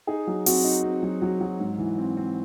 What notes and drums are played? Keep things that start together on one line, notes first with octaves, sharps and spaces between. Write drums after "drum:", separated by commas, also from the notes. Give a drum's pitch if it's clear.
D#4 G#4
F#3
C4 F#4, drum: open hi-hat
D#4
C4
F#3
F#3
F#3
G#2
E3
C4
C4